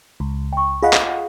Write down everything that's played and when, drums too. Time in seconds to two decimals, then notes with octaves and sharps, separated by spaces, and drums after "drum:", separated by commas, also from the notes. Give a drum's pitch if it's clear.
0.20 C#2
0.53 G5 C#6
0.83 F4 G#4 D#5 F5 F#5
0.93 drum: clap